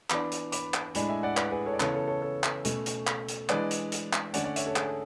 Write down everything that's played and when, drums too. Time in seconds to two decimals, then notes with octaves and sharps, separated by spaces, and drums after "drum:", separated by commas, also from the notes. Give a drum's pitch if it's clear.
0.10 E3 B3 D4 B5 D6, drum: clap
0.32 drum: hi-hat
0.52 B5 D6, drum: hi-hat
0.74 drum: clap
0.95 A2 G#3 D4 G#5 B5, drum: hi-hat
1.09 E5 G#5
1.23 D5 F#5
1.37 B4 D5, drum: clap
1.52 G#4 B4
1.66 A4 C#5
1.74 D5
1.80 C#3 E3 B3 A4 C#5, drum: clap
1.94 A4 C#5
2.08 A4 C#5
2.22 A4 C#5
2.43 drum: clap
2.65 B2 A3 C#4, drum: hi-hat
2.86 drum: hi-hat
3.07 drum: clap
3.28 drum: hi-hat
3.49 E3 G#3 D4 B4 D5, drum: clap
3.71 drum: hi-hat
3.92 drum: hi-hat
4.13 drum: clap
4.34 D3 A3 C#4 D5 F#5, drum: hi-hat
4.44 D5 F#5
4.56 C#5 E5, drum: hi-hat
4.67 A4 C#5
4.76 G#4, drum: clap